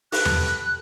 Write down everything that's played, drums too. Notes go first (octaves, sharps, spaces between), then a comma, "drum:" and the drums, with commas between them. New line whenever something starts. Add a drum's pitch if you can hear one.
G4 A4 B4 F#6, drum: open hi-hat
drum: tom E2